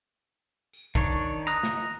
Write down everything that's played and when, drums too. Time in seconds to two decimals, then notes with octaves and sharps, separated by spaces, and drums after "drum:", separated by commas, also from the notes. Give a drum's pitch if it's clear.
0.73 drum: tambourine
0.95 D#3 D4 C#5, drum: kick
1.47 A#5 D#6 F#6, drum: hi-hat
1.63 drum: snare